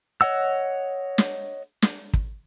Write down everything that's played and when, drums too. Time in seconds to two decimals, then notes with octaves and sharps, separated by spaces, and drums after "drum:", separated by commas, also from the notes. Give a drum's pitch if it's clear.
0.21 C#5 D#5 F#5 E6
1.18 drum: snare
1.82 drum: snare
2.13 drum: kick